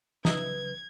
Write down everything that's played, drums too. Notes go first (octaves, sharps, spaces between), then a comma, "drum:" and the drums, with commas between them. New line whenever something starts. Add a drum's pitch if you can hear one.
C#3 F#3 D#4 B4 D#5 E5 G#6, drum: snare